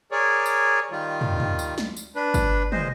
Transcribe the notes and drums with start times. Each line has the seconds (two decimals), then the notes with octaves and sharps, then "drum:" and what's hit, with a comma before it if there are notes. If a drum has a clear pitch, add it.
0.12 G#4 A#4 C#5 D5
0.46 drum: tambourine
0.91 D#3 G3 F4
1.21 drum: tom
1.40 drum: tom
1.59 drum: tambourine
1.78 drum: snare
1.97 drum: tambourine
2.16 D4 B4
2.34 drum: kick, tambourine
2.72 A#2 G#3 C5 D#5, drum: tom